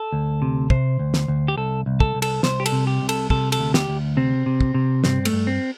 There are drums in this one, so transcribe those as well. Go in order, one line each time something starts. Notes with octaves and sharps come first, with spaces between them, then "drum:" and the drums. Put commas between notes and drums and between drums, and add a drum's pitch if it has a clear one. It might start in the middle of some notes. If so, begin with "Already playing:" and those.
Already playing: A4
D2
C3
C3 C5, drum: kick
D2
drum: snare
D2
G4
C2 A4
C2
A4, drum: kick
C2
A4, drum: cymbal
C2 C5, drum: snare
G4
A4, drum: cymbal
C3
G4
C2
A4, drum: cymbal
C3 A4, drum: kick
A4, drum: cymbal
D2
G4, drum: snare
D2
C3 C4
C3
drum: kick
C3
G2 C4, drum: snare
A3, drum: cymbal
G2
C4